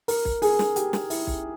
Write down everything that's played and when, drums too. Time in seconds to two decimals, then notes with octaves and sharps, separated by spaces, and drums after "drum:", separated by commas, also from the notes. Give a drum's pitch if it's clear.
0.08 A#4, drum: open hi-hat
0.25 drum: kick
0.42 G#4, drum: open hi-hat
0.59 drum: snare
0.76 G4, drum: hi-hat
0.93 drum: snare
1.10 E4, drum: open hi-hat
1.27 drum: kick